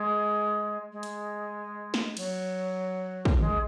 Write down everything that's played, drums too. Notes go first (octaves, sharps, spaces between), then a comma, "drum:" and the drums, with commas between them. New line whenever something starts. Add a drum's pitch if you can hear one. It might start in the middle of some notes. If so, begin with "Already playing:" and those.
Already playing: G#3
G#3
drum: hi-hat
drum: snare
F#3, drum: cymbal
drum: kick
G#3, drum: tom D3